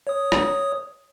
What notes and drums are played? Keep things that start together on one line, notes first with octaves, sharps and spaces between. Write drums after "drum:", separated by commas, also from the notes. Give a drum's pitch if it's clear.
C#5 D#6
drum: rim click